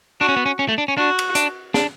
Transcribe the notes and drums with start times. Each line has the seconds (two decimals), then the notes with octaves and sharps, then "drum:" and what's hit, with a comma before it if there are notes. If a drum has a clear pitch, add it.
0.21 D4 F#4
0.29 C#4
0.37 B3
0.46 C#4
0.59 C#4
0.69 A3
0.78 D4
0.88 C#4
0.97 D4 F#4
1.19 drum: cymbal
1.35 D4, drum: hi-hat
1.74 D4, drum: snare